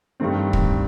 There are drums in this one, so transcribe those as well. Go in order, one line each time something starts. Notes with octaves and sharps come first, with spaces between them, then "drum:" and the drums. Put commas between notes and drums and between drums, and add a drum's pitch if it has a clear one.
G2 D#3 A3 C4
drum: kick